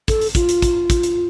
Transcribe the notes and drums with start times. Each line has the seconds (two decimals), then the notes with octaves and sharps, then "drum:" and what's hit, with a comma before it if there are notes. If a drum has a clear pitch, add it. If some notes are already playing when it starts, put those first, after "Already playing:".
0.08 A4, drum: kick, hi-hat
0.21 drum: open hi-hat
0.35 F4, drum: kick, hi-hat
0.49 drum: hi-hat
0.62 drum: kick, hi-hat
0.90 drum: kick, hi-hat
1.03 drum: hi-hat